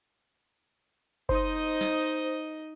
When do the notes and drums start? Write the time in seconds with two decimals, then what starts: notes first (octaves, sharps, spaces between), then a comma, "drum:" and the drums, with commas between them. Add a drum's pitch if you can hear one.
1.29 D#4 C5 D#5, drum: kick F#1
1.81 drum: snare
2.01 drum: open hi-hat